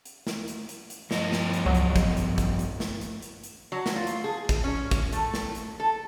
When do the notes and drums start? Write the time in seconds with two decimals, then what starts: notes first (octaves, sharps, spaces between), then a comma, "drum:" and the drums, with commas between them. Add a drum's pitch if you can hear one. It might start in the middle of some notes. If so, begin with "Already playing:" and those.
0.05 drum: hi-hat
0.27 drum: snare
0.48 drum: hi-hat
0.69 drum: hi-hat
0.90 drum: hi-hat
1.11 G2 F3 D#5, drum: snare
1.32 drum: snare
1.53 drum: hi-hat
1.65 C#2 F#3
1.75 drum: hi-hat
1.96 drum: kick, hi-hat
2.17 drum: hi-hat
2.38 drum: kick, hi-hat
2.59 drum: hi-hat
2.80 drum: snare
3.01 drum: hi-hat
3.22 drum: hi-hat
3.44 drum: hi-hat
3.72 F#3
3.86 drum: snare
3.96 F4
4.07 drum: hi-hat
4.24 G#4
4.49 drum: kick, hi-hat
4.64 C#4
4.91 drum: kick, hi-hat
5.13 A3, drum: hi-hat
5.34 drum: snare
5.55 drum: hi-hat
5.80 A4